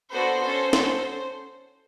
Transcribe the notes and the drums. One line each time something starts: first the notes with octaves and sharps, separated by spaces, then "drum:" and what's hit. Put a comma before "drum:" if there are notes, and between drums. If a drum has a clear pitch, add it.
B3 D4 F#4 A4 C5
C#4 F#4 A4
C#4 F#4 A4, drum: snare